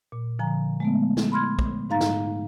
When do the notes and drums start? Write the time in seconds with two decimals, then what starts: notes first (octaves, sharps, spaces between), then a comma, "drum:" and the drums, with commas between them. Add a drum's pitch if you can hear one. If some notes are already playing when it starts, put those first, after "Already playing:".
0.12 A#2
0.39 D3 F3 G#5 A#5
0.80 G#3 A3 B3
1.17 drum: snare
1.32 B5 C6 F6 G#6
1.59 drum: kick
1.90 G#2 D#4 F5 A#5 A6
2.00 drum: snare